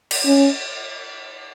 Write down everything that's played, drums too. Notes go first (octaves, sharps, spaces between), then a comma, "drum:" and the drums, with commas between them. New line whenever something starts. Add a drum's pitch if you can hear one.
drum: cymbal
C#4